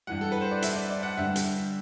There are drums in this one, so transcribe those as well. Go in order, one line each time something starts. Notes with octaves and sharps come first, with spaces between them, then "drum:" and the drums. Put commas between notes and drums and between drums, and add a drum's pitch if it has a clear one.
G2 E3 G3 F#5
A4
B4
C5
D5
E5, drum: hi-hat
D5
D5
F#5
G2 D3 G3 E5
drum: hi-hat